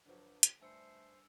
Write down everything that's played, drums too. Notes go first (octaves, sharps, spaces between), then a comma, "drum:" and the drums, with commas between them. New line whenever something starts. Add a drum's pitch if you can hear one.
G2 D3 F3 F#3
drum: hi-hat
G2 G3 A3 C5 G#5 E6 C#7